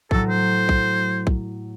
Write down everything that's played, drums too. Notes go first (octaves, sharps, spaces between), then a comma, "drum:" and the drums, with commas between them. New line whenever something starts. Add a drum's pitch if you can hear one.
A2 F#3 A4, drum: kick A#1
C5
drum: kick A#1
drum: kick A#1